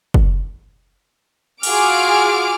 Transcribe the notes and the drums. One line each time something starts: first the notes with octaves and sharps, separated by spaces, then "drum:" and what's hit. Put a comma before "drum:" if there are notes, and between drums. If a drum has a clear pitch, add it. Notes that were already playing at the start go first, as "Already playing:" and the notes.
drum: kick
F4 F#4 G#4 D6 F6 D7, drum: cymbal